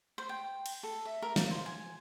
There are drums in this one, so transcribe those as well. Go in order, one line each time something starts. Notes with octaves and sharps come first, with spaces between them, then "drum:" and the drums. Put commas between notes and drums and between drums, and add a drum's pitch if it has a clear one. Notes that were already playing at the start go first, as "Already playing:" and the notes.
C5
G5
drum: cymbal
A4
E5
A#4
F5, drum: snare
C5
G#5